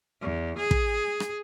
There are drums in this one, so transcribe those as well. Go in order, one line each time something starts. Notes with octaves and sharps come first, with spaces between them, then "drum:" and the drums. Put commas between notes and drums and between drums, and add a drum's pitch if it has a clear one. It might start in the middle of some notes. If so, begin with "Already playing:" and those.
E2
G#4
drum: kick
drum: rim click